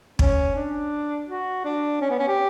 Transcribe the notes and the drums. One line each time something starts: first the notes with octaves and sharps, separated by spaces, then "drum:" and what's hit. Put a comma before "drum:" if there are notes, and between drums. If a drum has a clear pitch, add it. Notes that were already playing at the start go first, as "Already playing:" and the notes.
C#4, drum: kick
D4
F#4
D4
C#4
B3
C#4
G4